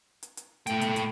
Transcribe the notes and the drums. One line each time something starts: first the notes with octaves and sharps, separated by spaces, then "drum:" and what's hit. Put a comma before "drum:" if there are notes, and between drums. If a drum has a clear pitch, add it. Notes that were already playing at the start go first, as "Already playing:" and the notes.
drum: hi-hat
drum: hi-hat
A2 A3 G5, drum: hi-hat
drum: hi-hat
drum: hi-hat